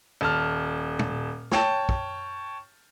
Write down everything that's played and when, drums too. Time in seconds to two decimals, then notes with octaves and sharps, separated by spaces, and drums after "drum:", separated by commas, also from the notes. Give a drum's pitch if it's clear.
0.21 D#1 A5 F6
0.99 drum: tom
1.51 C#5 G5 A5, drum: snare
1.89 drum: kick